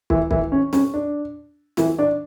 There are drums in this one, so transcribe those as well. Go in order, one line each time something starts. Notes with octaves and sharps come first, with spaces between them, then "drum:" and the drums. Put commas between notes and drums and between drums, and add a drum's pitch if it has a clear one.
E3 E4, drum: kick
E3 E4, drum: kick
C#4
C#4, drum: snare
D4
E3 E4, drum: snare
D4 D5